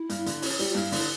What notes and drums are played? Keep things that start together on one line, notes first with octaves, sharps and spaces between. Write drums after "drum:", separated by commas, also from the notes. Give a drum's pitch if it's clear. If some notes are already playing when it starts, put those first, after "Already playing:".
Already playing: E4
G2, drum: hi-hat
D3, drum: hi-hat
C#4, drum: open hi-hat
G3, drum: hi-hat
F4
G2 E4
D3, drum: open hi-hat